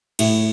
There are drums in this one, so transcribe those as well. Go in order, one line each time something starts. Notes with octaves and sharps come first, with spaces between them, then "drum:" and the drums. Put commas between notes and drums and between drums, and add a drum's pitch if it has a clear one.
A2, drum: cymbal